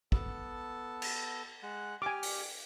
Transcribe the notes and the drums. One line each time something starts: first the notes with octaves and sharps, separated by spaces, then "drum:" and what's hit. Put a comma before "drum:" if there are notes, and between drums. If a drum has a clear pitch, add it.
B3 A4 A5, drum: kick
drum: cymbal
G#3 F#5 F#6
G4 G#5 D6 F6
drum: open hi-hat